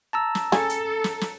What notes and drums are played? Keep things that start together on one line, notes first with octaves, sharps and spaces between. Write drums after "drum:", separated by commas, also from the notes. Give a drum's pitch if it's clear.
A5 A#5 E6
drum: snare
C#4 G#4 A4, drum: snare
drum: hi-hat
drum: snare
drum: snare